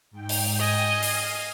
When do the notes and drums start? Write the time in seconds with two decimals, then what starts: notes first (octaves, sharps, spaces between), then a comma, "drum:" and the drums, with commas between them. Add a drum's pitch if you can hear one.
0.11 G#2 G5
0.29 drum: open hi-hat
0.59 D#5 G#5
0.91 F6 C7
1.03 drum: open hi-hat